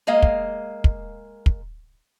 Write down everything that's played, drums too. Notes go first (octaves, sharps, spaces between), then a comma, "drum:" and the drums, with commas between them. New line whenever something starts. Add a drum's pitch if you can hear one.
G#3 A#3 D#5 F5
drum: kick
drum: kick
drum: kick